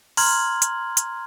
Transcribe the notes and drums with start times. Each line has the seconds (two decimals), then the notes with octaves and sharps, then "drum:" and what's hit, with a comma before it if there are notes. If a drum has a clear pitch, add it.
0.17 A#5 C6 F6 G#6 F#7, drum: open hi-hat
0.62 drum: hi-hat
0.97 drum: hi-hat